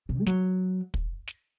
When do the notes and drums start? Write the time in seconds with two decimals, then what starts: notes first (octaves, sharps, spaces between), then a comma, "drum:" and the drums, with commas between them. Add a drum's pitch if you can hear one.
0.09 B2
0.20 A3
0.26 F#3, drum: snare
0.94 drum: kick
1.27 drum: snare